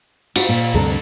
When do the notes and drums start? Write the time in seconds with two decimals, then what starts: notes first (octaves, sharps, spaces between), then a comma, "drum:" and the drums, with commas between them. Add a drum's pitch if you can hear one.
0.36 F4 F#4, drum: cymbal
0.49 A#2
0.74 D2 G2 C3 D4 A4 A#4